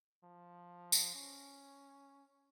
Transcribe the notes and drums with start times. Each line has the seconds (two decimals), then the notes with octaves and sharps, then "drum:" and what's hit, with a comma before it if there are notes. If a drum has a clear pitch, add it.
0.24 F3
0.92 drum: tambourine
1.14 C#4